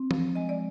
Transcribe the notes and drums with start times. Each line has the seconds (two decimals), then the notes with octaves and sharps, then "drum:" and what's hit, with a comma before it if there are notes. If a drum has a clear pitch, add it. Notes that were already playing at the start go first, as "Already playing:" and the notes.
Already playing: C4
0.11 F3, drum: tom
0.35 G#3 D#5
0.49 D5